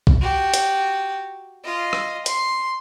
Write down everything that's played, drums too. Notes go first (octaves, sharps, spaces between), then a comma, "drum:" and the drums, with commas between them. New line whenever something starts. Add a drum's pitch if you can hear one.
drum: kick
F#4 G4
drum: hi-hat
F4 D#5
drum: rim click
C6, drum: hi-hat